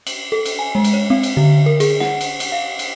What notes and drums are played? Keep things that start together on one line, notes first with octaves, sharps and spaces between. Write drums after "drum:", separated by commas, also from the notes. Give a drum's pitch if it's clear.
F#7, drum: cymbal
A4
drum: cymbal
G#5
G#3
drum: cymbal
C#5
C4
drum: cymbal
D3
A#4
G#4, drum: cymbal
F#5, drum: snare
drum: cymbal
drum: cymbal
F5
drum: cymbal